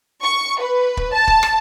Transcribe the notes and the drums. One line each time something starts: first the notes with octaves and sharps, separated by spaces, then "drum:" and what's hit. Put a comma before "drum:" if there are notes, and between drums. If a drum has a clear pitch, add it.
C#6
B4
drum: kick
A5
drum: kick
drum: rim click